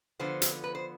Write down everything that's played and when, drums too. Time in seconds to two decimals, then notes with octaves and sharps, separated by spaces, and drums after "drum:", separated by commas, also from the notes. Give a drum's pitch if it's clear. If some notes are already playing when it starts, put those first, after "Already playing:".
0.19 D3 F3 B3 C5
0.42 drum: hi-hat
0.64 B4
0.75 C5